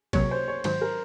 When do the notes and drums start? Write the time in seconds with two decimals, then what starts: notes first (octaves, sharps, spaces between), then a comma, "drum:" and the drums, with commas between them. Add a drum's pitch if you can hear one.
0.13 C#2 C3 F#3 A#3 C#5, drum: kick, cymbal
0.31 C5
0.48 C#5
0.64 G#2 D#3 F#3 C5, drum: cymbal
0.81 A#4